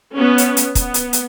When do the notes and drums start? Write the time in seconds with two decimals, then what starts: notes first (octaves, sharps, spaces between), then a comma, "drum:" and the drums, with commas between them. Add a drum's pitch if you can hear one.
0.13 B3 C#4
0.38 drum: hi-hat
0.57 drum: hi-hat
0.75 B3, drum: kick, hi-hat
0.94 drum: hi-hat
1.13 drum: hi-hat